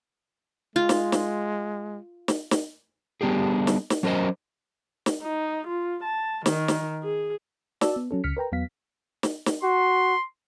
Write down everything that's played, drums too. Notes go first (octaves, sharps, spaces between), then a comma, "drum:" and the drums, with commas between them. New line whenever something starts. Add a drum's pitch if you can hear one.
G#3 F4
drum: snare
drum: snare
drum: snare
drum: snare
G3 B3 D4 G4 G#4
drum: snare
drum: snare
F#3 C#4 A#4 C5 D#5
drum: snare
D#4
F4
A5
D#3, drum: snare
drum: snare
G#4
F#4 D5 A5 E6, drum: snare
B3
F#3 C#4 A4
C#2 C#3 F6 B6 C#7
A#4 B4 G5 A#5
E2 F#3 B3 F5 B6
drum: snare
drum: snare
F#4 C6